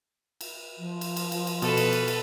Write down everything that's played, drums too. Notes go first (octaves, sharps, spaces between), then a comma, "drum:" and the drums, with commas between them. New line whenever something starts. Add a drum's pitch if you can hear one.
drum: cymbal
F3
drum: cymbal
drum: cymbal
drum: cymbal
drum: cymbal
B2 A4 B4, drum: cymbal
drum: cymbal
drum: cymbal
drum: cymbal